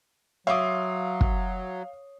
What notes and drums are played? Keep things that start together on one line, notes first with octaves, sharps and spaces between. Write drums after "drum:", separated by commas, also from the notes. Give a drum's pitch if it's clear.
F#3 C#5 E5 F5 C6 D6 D#6
drum: kick